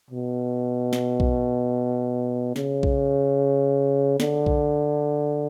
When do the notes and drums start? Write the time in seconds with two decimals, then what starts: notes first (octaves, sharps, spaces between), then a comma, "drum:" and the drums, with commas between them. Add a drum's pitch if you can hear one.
0.11 B2
0.93 drum: snare
1.20 drum: kick B1
2.56 C#3, drum: snare
2.83 drum: kick B1
4.20 D3, drum: snare
4.46 drum: kick B1